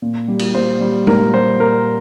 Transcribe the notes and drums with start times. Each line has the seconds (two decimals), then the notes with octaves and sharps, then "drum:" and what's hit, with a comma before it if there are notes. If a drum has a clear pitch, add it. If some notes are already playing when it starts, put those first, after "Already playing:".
0.02 A#2
0.28 G3
0.39 drum: cymbal
0.54 A#2 C5
0.81 G3
1.07 A#2 A#4, drum: tom G#3
1.33 G3 C5
1.60 A#2 A#4